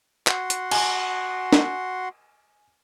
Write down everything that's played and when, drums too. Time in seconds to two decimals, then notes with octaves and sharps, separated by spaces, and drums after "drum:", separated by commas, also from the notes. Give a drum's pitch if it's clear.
0.27 F#4 F#5 C6, drum: clap
0.50 drum: hi-hat
0.71 G#5, drum: cymbal
1.53 drum: snare